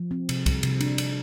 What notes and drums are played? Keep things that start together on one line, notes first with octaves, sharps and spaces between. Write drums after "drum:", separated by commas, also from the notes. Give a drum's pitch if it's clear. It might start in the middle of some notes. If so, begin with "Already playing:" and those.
Already playing: F3
C4
C3, drum: cymbal
G3, drum: kick, cymbal
C3, drum: cymbal
D4, drum: cymbal
C3, drum: cymbal